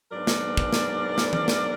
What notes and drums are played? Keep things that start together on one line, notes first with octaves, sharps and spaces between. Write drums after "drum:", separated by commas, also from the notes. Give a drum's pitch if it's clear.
G#2 F#3 B3 D4 A#4 D5
drum: snare
drum: kick
drum: snare
drum: snare
drum: tom E3
drum: snare